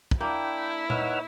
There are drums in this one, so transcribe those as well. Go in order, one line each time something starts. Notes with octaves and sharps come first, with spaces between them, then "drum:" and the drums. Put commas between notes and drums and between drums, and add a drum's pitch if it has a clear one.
drum: kick
A#3 D4 E4 G5
D#4 B4 C#5 F#5 E6 F6, drum: tom A#2